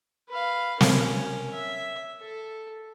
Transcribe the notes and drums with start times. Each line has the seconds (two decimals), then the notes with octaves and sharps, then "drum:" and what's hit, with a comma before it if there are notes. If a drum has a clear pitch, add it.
0.29 B4 F5
0.81 C#4 A#4, drum: snare
1.53 E5
2.20 A4